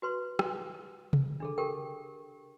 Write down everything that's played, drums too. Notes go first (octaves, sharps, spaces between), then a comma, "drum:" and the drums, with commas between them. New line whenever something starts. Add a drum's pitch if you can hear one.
F#4 B4 C6
drum: rim click
drum: tom C3
D4 G#4 A4
G4 A4 A#4 G5